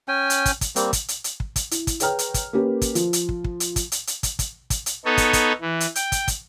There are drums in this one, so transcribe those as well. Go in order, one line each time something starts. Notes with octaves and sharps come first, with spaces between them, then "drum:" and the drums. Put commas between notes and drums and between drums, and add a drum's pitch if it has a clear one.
C#4 G5 G#5
drum: hi-hat
drum: kick, hi-hat
drum: kick, hi-hat
G3 A#3 C4, drum: hi-hat
drum: kick, hi-hat
drum: hi-hat
drum: hi-hat
drum: kick
drum: kick, hi-hat
E4, drum: hi-hat
drum: kick, hi-hat
G#4 B4 C#5 G5 A#5 F6, drum: hi-hat
drum: hi-hat
drum: kick, hi-hat
A#3 C#4 G4 A#4 B4
drum: kick, hi-hat
F3, drum: hi-hat
drum: hi-hat
drum: kick
drum: kick
drum: hi-hat
drum: kick, hi-hat
drum: hi-hat
drum: hi-hat
drum: kick, hi-hat
drum: kick, hi-hat
drum: kick, hi-hat
drum: hi-hat
B3 D#4 A4 C#5
drum: kick, hi-hat
drum: kick, hi-hat
E3
drum: hi-hat
G5, drum: hi-hat
drum: kick, hi-hat
drum: kick, hi-hat